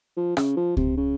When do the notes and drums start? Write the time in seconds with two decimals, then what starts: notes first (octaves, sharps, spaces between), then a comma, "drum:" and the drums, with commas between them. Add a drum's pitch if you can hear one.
0.17 F3
0.37 C#3, drum: rim click
0.57 F3
0.77 C3, drum: kick C#2
0.97 C#3